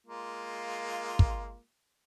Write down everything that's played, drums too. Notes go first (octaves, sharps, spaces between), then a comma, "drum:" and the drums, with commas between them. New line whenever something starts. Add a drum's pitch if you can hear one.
G#3 A#3 F4
drum: kick